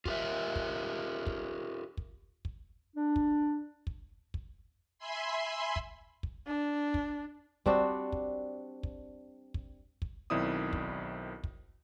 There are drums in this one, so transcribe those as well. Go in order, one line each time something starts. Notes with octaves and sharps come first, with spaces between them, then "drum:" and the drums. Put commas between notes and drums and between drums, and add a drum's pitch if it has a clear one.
F4 G4 A#4 E5, drum: kick
drum: kick
drum: kick
drum: kick
drum: kick
D4
drum: kick
drum: kick
drum: kick
E5 G#5 B5 C6
drum: kick
drum: kick
D4
drum: kick
G3 C4 D4 F#4, drum: kick
drum: kick
drum: kick
drum: kick
drum: kick
B1 D#3 C4 E4 D5 D#6
drum: kick
drum: kick